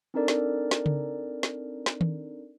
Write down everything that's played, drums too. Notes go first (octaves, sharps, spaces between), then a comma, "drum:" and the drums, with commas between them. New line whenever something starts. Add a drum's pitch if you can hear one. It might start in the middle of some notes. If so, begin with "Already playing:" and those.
C4 D4 D#4 A4 A#4 D5
drum: snare
drum: snare
drum: tom C#3
drum: snare
drum: snare
drum: tom D#3